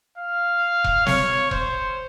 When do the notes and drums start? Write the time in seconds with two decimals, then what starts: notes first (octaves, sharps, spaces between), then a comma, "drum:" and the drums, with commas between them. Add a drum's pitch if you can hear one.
0.18 F5
0.84 drum: kick E1
1.06 C#5, drum: snare
1.51 C5, drum: kick E1